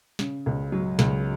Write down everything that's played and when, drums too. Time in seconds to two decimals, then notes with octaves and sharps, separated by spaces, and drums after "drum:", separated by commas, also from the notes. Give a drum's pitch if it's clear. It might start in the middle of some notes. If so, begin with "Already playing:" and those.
0.19 C#3, drum: snare
0.46 C#2
0.72 F#3
0.99 C#2, drum: snare